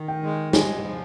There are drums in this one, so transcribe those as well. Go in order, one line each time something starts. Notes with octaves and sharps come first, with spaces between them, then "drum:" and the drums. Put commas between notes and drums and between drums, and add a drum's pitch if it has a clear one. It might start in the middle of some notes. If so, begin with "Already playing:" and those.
Already playing: D#3
G5
G#3
G#3 G#5, drum: snare
F3